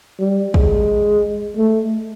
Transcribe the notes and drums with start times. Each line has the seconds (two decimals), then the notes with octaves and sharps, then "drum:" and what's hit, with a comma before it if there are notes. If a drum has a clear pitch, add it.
0.19 G3
0.54 G#3, drum: kick
1.57 A3